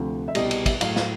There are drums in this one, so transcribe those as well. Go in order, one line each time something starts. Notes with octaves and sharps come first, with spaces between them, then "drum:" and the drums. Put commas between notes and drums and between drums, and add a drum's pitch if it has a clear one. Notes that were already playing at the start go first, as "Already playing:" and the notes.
Already playing: D2 C3 F3
E5
C2 B2 G3 D#5, drum: cymbal
D#5, drum: cymbal
E5, drum: kick, cymbal
A2 F#3 F5, drum: cymbal
F5, drum: snare